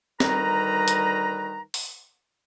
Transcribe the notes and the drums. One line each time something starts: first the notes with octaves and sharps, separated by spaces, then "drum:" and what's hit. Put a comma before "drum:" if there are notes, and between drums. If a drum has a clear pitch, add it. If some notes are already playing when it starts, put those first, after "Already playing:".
D2 D#3 G3 B4 A#5, drum: snare
drum: hi-hat
drum: open hi-hat